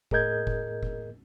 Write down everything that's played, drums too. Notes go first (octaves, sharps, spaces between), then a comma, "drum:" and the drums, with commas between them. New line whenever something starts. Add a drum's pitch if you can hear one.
A2 G#4 A#4 D#5 G6 G#6, drum: kick F1
drum: kick F1
drum: kick F1